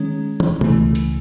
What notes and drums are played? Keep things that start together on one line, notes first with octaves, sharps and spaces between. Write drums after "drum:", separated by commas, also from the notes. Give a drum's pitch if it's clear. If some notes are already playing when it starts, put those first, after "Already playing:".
Already playing: D#3 G#3 C#4
drum: tom
C#2 C#3 E3 A3, drum: tom
drum: hi-hat